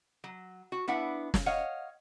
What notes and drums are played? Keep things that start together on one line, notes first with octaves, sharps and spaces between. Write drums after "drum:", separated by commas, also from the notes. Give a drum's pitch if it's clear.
F#3
F#4
B3 D4 E4 F#5
drum: snare
C#5 D#5 F5 F#5